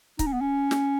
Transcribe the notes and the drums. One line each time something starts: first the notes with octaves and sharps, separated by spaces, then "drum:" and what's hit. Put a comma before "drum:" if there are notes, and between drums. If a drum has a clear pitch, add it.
D#4, drum: kick C#1, hi-hat
C#4
B3
C#4
drum: snare